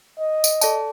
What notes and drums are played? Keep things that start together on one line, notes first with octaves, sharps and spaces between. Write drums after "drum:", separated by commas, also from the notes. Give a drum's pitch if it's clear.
D#5
drum: tambourine
A4 D5 A5, drum: tambourine